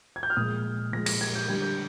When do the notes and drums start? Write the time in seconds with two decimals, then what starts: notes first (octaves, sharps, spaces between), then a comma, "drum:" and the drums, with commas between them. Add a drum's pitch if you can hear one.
0.16 G#6
0.23 G6
0.30 F6
0.37 A#2 F3 G#3 D#6
0.93 A#2 F3 G#3 A#6
1.06 A#6, drum: cymbal
1.21 G#6
1.35 G6
1.49 D3 G3 G#6
1.62 G6